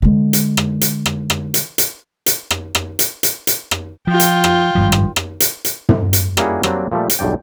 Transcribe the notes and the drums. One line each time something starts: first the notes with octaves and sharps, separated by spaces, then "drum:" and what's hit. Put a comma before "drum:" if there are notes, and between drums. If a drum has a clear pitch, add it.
D3 G#3
drum: hi-hat
drum: rim click
drum: hi-hat
drum: rim click
drum: rim click
drum: hi-hat
drum: hi-hat
drum: hi-hat
drum: rim click
drum: rim click
drum: hi-hat
drum: hi-hat
drum: hi-hat
drum: rim click
F3 F4 G5
drum: hi-hat
drum: rim click
G#1 G2 F3
drum: rim click
drum: rim click
drum: hi-hat
drum: hi-hat
drum: tom
drum: hi-hat
G3 A#3 C#4 E4 F#4 G#4, drum: rim click
F#3 G3 A#3 C4 D4, drum: rim click
A#2 F3 G3 A3
drum: hi-hat
B1 E2 G2 D5 G5